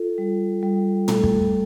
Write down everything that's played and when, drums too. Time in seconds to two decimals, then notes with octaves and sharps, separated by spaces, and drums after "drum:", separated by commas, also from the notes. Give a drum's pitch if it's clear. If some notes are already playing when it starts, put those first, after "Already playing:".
Already playing: F4 A4
0.18 G3
0.63 G3
1.08 A3 A4, drum: tom
1.23 drum: kick